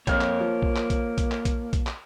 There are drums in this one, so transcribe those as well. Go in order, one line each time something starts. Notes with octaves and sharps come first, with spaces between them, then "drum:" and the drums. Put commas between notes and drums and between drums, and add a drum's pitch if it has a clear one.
F2 A#3 C#5 F6, drum: kick, hi-hat
drum: clap
F3
drum: kick
drum: clap
drum: kick, hi-hat
drum: kick, hi-hat
drum: clap
drum: kick, hi-hat
drum: kick, hi-hat
drum: clap